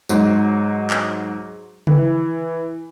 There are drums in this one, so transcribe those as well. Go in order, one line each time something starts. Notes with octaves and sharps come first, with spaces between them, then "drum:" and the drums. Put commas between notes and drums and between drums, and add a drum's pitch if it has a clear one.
G#2 F#3, drum: tambourine
drum: clap
E3, drum: tom C#3